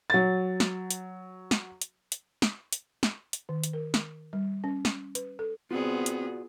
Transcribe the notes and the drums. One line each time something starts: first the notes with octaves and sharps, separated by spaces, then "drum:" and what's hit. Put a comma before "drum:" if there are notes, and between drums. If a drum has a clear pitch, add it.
F#3 A6
drum: snare
drum: hi-hat
drum: snare
drum: hi-hat
drum: hi-hat
drum: snare
drum: hi-hat
drum: snare
drum: hi-hat
D#3
drum: hi-hat
A#4
drum: snare
G3
C#4
drum: snare
B4, drum: hi-hat
A4
B3 C4 F4 F#4 G#4 D5
drum: hi-hat